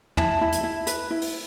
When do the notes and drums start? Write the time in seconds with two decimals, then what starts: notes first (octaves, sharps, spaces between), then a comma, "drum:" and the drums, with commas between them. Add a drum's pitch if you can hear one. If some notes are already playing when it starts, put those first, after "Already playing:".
0.17 E4 A5, drum: tom
0.41 E4
0.52 drum: hi-hat
0.64 E4
0.87 B4, drum: hi-hat
1.11 E4
1.21 drum: open hi-hat